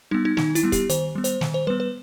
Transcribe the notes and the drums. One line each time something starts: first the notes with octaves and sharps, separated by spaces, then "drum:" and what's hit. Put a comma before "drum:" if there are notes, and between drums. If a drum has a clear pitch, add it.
G3 B3 D#4
D#4
D#3 D#4, drum: snare
E4, drum: hi-hat
G3 B3
G4, drum: kick, hi-hat
D#3 C5, drum: hi-hat
G3 B3
C5, drum: hi-hat
D#3, drum: snare
C5
G3 B3 B4
B4